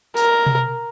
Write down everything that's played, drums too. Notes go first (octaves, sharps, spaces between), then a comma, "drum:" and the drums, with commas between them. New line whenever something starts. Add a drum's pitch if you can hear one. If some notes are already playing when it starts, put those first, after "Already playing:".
A#4, drum: tambourine
drum: tom B2